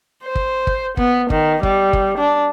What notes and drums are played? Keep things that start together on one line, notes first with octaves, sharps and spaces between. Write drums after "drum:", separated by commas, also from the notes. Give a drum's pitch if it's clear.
C5
drum: kick
drum: kick
B3, drum: kick
D#3, drum: kick
G3, drum: kick
drum: kick
D4